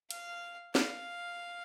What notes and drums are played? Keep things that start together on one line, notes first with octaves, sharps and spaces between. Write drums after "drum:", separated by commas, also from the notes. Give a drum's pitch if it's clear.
F5, drum: hi-hat
F5, drum: snare